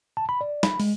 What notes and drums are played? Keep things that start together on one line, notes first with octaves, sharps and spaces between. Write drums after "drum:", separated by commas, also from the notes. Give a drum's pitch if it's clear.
A5
B5
D5
B5, drum: snare
G#3, drum: open hi-hat